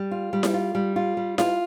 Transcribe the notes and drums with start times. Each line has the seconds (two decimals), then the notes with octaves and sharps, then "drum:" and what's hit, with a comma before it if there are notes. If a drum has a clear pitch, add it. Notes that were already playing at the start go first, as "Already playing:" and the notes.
Already playing: G3
0.11 F4
0.33 G3
0.43 drum: snare E4
0.54 F4
0.75 G3
0.96 F4
1.17 G3
1.38 F4, drum: snare E4